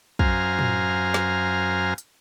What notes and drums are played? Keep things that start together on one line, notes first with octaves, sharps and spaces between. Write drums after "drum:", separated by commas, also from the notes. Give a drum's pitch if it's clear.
F#2 C5 F5 G#5 A#5 F6, drum: kick
drum: tom A2
drum: snare
drum: hi-hat